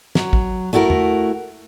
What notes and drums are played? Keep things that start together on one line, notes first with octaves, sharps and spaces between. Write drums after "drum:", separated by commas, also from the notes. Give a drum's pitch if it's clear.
F#3, drum: snare
drum: kick
A3 E4 F#4 A4 A#4
drum: tom